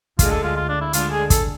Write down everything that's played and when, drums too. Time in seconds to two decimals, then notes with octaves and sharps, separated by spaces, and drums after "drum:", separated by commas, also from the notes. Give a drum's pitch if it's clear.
0.19 D2 D3 G#3 F4, drum: kick, hi-hat
0.31 A4
0.44 F4
0.56 F4
0.69 D4
0.81 E4
0.93 D2 D3 G#3 D4 F4, drum: hi-hat
1.11 G#4
1.30 A4, drum: kick, hi-hat